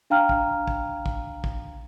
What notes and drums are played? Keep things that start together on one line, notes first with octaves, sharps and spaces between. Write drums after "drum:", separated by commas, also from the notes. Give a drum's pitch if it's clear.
D4 F5 G5 A#5 F6
drum: kick
drum: kick
drum: kick
drum: kick